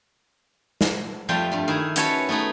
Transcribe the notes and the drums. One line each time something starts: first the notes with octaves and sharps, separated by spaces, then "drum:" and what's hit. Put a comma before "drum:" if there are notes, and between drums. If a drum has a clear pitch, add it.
drum: snare
F2 G3 A3 F4 F5 G5
G2 G3
D#3 E4 G#4
C#4 F#4 B4 C#5 A5, drum: hi-hat
A3 B3 D#4 G#4 B4